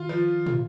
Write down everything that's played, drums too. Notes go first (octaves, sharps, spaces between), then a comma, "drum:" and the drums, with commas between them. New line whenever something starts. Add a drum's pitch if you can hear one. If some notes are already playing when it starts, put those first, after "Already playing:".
Already playing: D#3 F4
F3
drum: tom